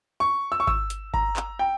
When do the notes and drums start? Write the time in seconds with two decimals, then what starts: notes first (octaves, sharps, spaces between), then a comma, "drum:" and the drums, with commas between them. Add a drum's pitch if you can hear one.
0.20 C#6
0.52 E6
0.60 C#6
0.67 E6, drum: kick G#1
0.90 drum: hi-hat
1.14 A#5, drum: kick G#1
1.36 drum: clap
1.59 G5